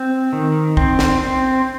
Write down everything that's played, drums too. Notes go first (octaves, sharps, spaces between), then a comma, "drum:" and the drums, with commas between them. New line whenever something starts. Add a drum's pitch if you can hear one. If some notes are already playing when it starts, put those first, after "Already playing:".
Already playing: C4
D#3
C4, drum: kick
drum: snare
C4